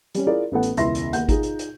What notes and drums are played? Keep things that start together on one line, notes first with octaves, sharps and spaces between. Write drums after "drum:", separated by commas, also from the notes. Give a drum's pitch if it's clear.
G3 C#4, drum: hi-hat
E4 F4 G#4 A#4 D5
A1 B3 A4 F#5
drum: hi-hat
E1 C#2 E4 E5 C6 A#6, drum: hi-hat
drum: hi-hat
D#2 F#5 G6, drum: hi-hat
D#4 F4 G#4, drum: kick G#1, hi-hat
drum: hi-hat
drum: hi-hat